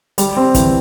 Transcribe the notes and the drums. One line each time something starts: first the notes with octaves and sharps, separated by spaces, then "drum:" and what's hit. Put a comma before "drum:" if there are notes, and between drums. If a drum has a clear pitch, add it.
G3, drum: hi-hat
C4
E3, drum: kick, hi-hat